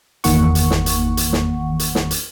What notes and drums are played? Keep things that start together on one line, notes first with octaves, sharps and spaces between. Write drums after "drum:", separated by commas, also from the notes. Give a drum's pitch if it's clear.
G1 E2 D#3 A#3 F#5 C#6, drum: hi-hat
drum: hi-hat
drum: snare
drum: hi-hat
drum: hi-hat
drum: snare
drum: hi-hat
drum: snare
drum: hi-hat